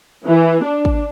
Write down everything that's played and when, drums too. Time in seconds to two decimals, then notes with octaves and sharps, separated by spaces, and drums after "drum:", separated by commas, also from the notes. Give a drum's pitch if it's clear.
0.24 E3
0.63 D4
0.85 drum: kick